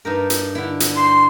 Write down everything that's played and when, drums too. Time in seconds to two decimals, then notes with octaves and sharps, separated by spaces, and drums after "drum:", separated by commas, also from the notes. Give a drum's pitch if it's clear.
0.05 G2 D#4 A#4
0.30 drum: hi-hat
0.55 D3 E4
0.80 drum: hi-hat
0.96 C6